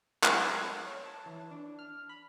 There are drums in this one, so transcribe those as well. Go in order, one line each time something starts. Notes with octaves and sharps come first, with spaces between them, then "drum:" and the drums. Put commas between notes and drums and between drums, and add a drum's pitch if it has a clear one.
F#3, drum: clap
A5
C#5
A5
E3
D4
F6
B5